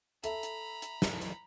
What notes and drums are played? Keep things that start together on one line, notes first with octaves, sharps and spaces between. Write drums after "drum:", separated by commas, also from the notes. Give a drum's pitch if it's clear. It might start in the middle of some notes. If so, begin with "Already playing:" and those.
A4 E5 A#5 B5, drum: hi-hat
drum: hi-hat
drum: hi-hat
drum: snare
drum: hi-hat